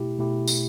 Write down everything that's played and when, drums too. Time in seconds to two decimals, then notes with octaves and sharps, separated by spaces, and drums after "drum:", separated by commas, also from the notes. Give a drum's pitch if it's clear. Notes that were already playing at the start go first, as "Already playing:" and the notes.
Already playing: B2 A3 E4 G4
0.19 B2 A3 E4 G4
0.47 drum: tambourine